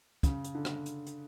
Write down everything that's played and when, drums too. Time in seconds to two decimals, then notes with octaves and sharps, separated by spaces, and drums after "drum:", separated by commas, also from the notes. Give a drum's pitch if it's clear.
0.23 C#3, drum: kick, hi-hat
0.44 drum: hi-hat
0.55 D3
0.65 drum: rim click
0.86 drum: hi-hat
1.07 drum: hi-hat